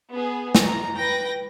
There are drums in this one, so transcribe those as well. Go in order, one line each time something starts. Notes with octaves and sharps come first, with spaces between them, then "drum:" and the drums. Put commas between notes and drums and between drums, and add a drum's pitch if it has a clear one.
B3 G#4
drum: snare
A#5
B4 G5 A#6